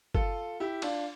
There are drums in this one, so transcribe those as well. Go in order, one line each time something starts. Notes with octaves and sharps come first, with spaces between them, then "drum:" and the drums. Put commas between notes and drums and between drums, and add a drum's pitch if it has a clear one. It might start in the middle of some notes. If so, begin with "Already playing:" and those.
F4 A4, drum: kick G1
E4 G4
D4 F4, drum: cymbal